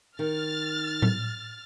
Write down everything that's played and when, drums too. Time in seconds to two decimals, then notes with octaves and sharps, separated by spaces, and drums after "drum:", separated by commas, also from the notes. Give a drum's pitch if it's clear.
0.19 D#3 F6 A6
1.02 drum: tom A2